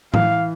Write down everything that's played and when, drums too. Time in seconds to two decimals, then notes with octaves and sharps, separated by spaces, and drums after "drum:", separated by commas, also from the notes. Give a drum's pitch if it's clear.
0.14 E3 F5, drum: tom A2